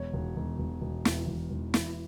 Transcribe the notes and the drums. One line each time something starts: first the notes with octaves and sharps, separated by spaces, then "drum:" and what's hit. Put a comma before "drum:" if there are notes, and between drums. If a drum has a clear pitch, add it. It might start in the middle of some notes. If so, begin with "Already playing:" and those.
Already playing: E1 C#5
E1
E1
E1
E1
E2, drum: snare
E1
E1
E3, drum: snare